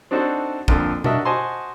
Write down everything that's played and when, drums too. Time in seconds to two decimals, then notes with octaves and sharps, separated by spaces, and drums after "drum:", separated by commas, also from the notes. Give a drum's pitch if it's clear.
0.11 C4 D4 D#4 F#4 A4 C5
0.68 F2 A#2 D3, drum: kick
1.04 D4 F#4 A#4 D#5 E5, drum: tom B2
1.25 F#4 C5 D#5 G#5 A5 C6